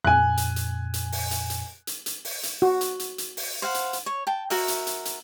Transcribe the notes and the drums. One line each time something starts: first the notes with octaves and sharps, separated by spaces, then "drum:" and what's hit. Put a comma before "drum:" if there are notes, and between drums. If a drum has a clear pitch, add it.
F2 A#2 G#5 F#6
drum: hi-hat
drum: hi-hat
drum: hi-hat
drum: open hi-hat
drum: hi-hat
drum: hi-hat
drum: hi-hat
drum: hi-hat
drum: open hi-hat
drum: hi-hat
F#4
drum: hi-hat
drum: hi-hat
drum: hi-hat
drum: open hi-hat
C5 F5 F#5
drum: hi-hat
drum: hi-hat
C#5
G5 A5
F#4 A#4 E5, drum: open hi-hat
drum: hi-hat
drum: hi-hat
drum: hi-hat